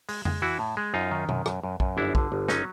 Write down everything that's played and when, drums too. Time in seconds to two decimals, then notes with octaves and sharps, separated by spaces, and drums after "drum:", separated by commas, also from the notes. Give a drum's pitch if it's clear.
0.09 G#3, drum: open hi-hat
0.25 G#3, drum: tom F2
0.42 E3 E4 F#4
0.59 A2
0.77 G#3
0.94 F#2 D#4 F4
1.11 D#3
1.29 F#2, drum: tom B2
1.46 F#2, drum: rim click
1.64 F#2
1.80 F#2, drum: kick
1.97 G1 D4 E4
2.15 D3, drum: kick
2.32 G1
2.48 F#3 C#4 D#4, drum: snare